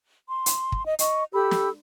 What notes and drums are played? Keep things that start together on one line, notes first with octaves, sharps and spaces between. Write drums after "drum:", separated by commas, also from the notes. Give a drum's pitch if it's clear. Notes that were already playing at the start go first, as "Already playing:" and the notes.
C6
drum: hi-hat
drum: kick
D#5
D#5 C#6, drum: hi-hat
G4 A4 B5 E6
drum: snare